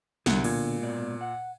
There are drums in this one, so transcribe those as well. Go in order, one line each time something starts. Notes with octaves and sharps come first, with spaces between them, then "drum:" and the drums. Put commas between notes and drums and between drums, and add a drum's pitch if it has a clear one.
C2 B2 D3 F#6 C#7, drum: snare
A#2 G#6, drum: cymbal
G#2 B2 D5
F#5